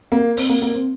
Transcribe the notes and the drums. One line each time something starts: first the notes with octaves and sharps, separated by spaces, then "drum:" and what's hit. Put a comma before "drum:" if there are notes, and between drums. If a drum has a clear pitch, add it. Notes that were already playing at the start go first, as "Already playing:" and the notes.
A#3
C4, drum: open hi-hat
A#3
A#3
C4